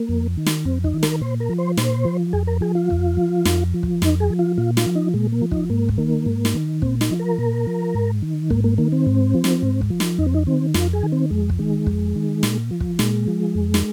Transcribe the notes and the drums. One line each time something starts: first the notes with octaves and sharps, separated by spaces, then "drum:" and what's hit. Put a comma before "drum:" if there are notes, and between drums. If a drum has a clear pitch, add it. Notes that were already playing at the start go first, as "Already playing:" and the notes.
Already playing: A#3
F2
D#3
drum: snare
F2 C4
D#4, drum: kick
D#3
A#4, drum: snare
A#2 C5
A#4
F3
C5
A#2 C5, drum: snare
F3
F2 G#4
A#4
F3 G#4
F4
F2, drum: kick
F3
F2, drum: snare
F3
drum: kick
F2 D#4, drum: snare
G#4
F3
F4
A#2 F4
F4, drum: snare
F3
D#4
A#2 G#3
A#3
F3
D#4, drum: kick
G#2 A#3
drum: kick
D#3 A#3
G#2
drum: snare
D#3
A#2 C4, drum: kick
D#4, drum: snare
F3
A#4
A#2
F3
G#2
D#3
G#2 A#3, drum: kick
A#3
D#3 A#3
C4
G#2
F3
drum: snare
G#2
drum: kick
F3
drum: snare
F2 D#4
C4
D#4
D#3 C4
F2 F4, drum: snare
G#4
D#3
C4
F2 G#3
drum: kick
D#3 G#3
F2, drum: kick
D#3
A#2, drum: snare
F3
drum: kick
A#2 G#3, drum: snare
F3
F2
drum: snare